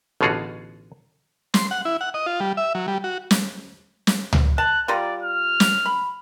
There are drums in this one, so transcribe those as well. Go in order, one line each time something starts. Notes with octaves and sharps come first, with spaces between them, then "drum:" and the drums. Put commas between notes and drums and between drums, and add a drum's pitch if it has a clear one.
A1 B2 D3 F4 F#4 G#4
C6, drum: snare
F#5
E4
F#5
D#5
F4
G3
E5
F#3
G3
F#4
drum: snare
drum: snare
drum: tom C#2
A5 F#6
G3 F4 D5 A#5
F6
drum: snare
B5